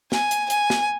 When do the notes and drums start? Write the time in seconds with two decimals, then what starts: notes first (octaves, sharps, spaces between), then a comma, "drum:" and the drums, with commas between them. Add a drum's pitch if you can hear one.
0.12 G#5, drum: snare
0.31 drum: hi-hat
0.50 G#5, drum: hi-hat
0.70 drum: snare